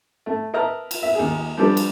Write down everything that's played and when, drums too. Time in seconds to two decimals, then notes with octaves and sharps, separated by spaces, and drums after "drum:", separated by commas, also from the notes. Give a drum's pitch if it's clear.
0.26 A3
0.54 A#4 B4 D#5 E5 A5 A#5
0.91 drum: cymbal
1.02 E5
1.15 D#2 G#4
1.57 F3 G3 D4 G4 A4 B4
1.77 drum: cymbal